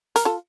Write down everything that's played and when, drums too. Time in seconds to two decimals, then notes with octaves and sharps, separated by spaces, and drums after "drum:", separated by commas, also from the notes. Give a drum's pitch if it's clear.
0.16 A#4, drum: hi-hat
0.25 F4 A4